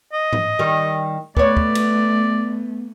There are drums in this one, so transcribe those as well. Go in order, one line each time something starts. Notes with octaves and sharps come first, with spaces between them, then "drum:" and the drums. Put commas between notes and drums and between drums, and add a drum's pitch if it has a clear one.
D#5
drum: tom G#2
D#3 G3
A3 B3 C#5 D5, drum: kick
drum: kick
drum: cymbal